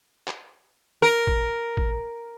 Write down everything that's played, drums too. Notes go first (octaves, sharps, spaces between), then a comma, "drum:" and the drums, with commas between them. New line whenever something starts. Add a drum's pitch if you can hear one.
drum: clap
A#4
drum: kick A1
drum: kick A1